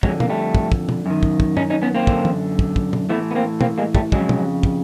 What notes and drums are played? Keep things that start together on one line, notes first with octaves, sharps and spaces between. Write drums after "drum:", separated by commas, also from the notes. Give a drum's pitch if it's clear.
F2 F#3 G#3, drum: kick
D3
A#3, drum: tom
G3 A3
drum: kick
drum: kick
drum: tom
F#2 D#3
drum: kick
drum: kick
C#4 D#4, drum: tom
C#4 D#4
B3 C#4
A#3 C4
F#2 D3, drum: kick
drum: tom
drum: kick
drum: kick
drum: tom
A2 E3 A3 B3
B3
A#3 C4
A#3 C4, drum: tom
G#3 A#3
G3 A3, drum: kick
F2 C#3 F#3 G#3, drum: kick
drum: tom
drum: kick